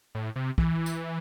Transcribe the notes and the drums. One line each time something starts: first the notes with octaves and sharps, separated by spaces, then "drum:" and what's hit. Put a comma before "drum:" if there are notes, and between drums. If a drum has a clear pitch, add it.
A2
C3
E3, drum: kick
drum: tambourine